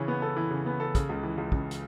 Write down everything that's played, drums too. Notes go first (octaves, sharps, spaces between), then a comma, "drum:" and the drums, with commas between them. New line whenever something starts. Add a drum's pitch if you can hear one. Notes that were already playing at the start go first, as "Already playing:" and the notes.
Already playing: C#3 E3 C#4
B3
A4
E3
C#3
B3
A4
C#3, drum: kick, hi-hat
C#2
E3
C#2
C#3, drum: kick
drum: hi-hat